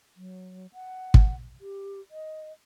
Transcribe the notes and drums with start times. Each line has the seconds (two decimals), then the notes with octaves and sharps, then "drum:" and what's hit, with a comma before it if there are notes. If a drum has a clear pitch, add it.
0.17 F#3
0.73 F#5
1.14 drum: kick
1.61 G4
2.11 D#5